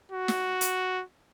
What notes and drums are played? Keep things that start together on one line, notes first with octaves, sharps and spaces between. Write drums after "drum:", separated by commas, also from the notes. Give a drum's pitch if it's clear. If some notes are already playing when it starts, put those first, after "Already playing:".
F#4
drum: snare
drum: hi-hat